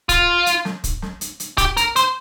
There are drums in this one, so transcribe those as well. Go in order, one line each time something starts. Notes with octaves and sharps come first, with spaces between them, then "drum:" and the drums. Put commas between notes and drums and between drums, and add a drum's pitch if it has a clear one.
F4, drum: kick, hi-hat
drum: hi-hat
drum: snare
drum: kick, hi-hat
drum: snare
drum: hi-hat
drum: hi-hat
G4, drum: kick, hi-hat
A#4, drum: hi-hat
C5, drum: hi-hat